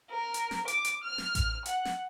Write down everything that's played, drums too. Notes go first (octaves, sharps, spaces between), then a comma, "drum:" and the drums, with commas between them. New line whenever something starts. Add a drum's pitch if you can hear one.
A#4
drum: hi-hat
drum: snare
D6, drum: hi-hat
drum: hi-hat
F6
drum: snare
drum: kick A1, hi-hat
F#5, drum: hi-hat
drum: snare